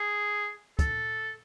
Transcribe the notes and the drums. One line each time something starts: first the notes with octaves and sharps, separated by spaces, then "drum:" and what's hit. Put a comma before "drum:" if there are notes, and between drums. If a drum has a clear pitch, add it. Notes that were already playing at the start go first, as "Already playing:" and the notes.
Already playing: G#4
A4, drum: kick, hi-hat